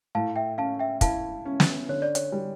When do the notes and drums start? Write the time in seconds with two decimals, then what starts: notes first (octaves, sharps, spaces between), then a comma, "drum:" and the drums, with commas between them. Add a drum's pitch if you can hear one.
0.15 A2 F5 A5
0.36 E5 G5
0.58 C#4 F5 A5
0.79 E5 G5
1.01 E4 F5 A5, drum: kick, hi-hat
1.45 C#4
1.60 drum: snare
1.89 D3 C#5
2.02 D5
2.15 C#5, drum: hi-hat
2.32 G3